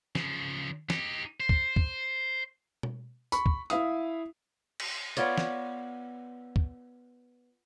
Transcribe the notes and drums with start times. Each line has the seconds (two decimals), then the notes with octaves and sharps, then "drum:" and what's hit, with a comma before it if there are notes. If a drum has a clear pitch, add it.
0.15 C#3 F3, drum: snare
0.90 D#4 G4, drum: snare
1.40 C5
1.49 drum: kick
1.76 drum: kick
2.83 drum: tom B2
3.32 B5 C#6, drum: tambourine
3.46 drum: kick
3.70 E4 E5 F5 D#6, drum: hi-hat
4.80 drum: cymbal
5.17 B3 F4 C#5 D5, drum: hi-hat
5.38 drum: snare
6.56 drum: kick